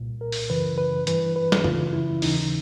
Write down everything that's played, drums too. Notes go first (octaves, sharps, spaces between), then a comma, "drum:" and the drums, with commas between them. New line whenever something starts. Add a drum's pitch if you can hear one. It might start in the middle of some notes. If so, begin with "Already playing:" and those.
Already playing: C2 A#2
A#4
drum: open hi-hat
F#2 C#3 E3 B4
B4
G2 E3 B4, drum: hi-hat
B4
drum: snare
F#2 C#3 E3 F4, drum: tom
E4
D#2 C#3 E3 D#4, drum: open hi-hat